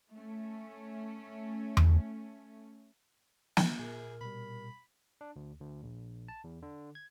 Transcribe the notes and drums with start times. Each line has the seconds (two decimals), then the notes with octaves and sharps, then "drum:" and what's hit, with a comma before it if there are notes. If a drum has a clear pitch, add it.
0.14 A3 C#4
1.77 drum: tom E2
3.57 drum: snare
3.79 A#2 G#4 A#4
4.21 B2 G3 B5
5.21 D4
5.36 D2
5.61 D2
5.83 A#1
6.28 A5
6.44 E2
6.62 D3
6.95 G#6